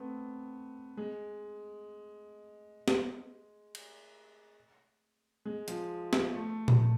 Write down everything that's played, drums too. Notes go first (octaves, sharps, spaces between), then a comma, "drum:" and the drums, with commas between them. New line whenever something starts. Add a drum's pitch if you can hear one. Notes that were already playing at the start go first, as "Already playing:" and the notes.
Already playing: A3 B3 C4
G#3
drum: snare
drum: cymbal
G#3
F3, drum: hi-hat
F3, drum: snare
A3
drum: tom A#2
A3